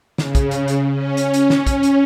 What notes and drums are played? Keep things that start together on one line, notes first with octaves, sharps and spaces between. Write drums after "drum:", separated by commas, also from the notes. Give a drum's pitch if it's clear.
C#3, drum: snare
drum: kick, hi-hat
drum: hi-hat
drum: hi-hat
C#4
drum: hi-hat
drum: hi-hat
drum: snare
drum: kick, hi-hat
drum: hi-hat